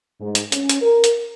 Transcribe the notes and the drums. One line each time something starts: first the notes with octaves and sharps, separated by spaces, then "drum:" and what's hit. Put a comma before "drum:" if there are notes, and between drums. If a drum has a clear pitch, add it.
G#2
drum: hi-hat
C#4, drum: hi-hat
drum: hi-hat
A#4
drum: hi-hat